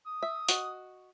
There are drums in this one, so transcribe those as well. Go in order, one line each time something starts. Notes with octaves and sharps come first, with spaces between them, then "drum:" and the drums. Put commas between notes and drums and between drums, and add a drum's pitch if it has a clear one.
D#6
E5
F#4 D#5, drum: hi-hat